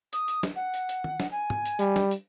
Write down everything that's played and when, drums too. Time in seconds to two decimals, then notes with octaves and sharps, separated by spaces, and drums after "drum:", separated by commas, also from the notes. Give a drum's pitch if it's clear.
0.13 D#6, drum: hi-hat
0.28 drum: hi-hat
0.43 drum: snare
0.55 F#5
0.74 drum: hi-hat
0.89 drum: hi-hat
1.04 drum: tom
1.20 drum: snare
1.31 G#5
1.50 drum: tom
1.65 drum: hi-hat
1.79 G3, drum: hi-hat
1.96 drum: snare
2.11 drum: hi-hat